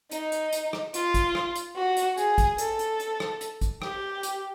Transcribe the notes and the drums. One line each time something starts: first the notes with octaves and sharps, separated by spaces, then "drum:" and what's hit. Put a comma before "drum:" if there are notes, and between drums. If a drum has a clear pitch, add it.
D#4, drum: hi-hat
drum: hi-hat
drum: hi-hat
drum: rim click
F4, drum: hi-hat
drum: kick A1, hi-hat
drum: rim click
drum: hi-hat
F#4
drum: hi-hat
G#4, drum: hi-hat
drum: kick A1, hi-hat
A4, drum: hi-hat
drum: hi-hat
drum: hi-hat
drum: rim click
drum: hi-hat
drum: kick A1, hi-hat
G4, drum: rim click
drum: hi-hat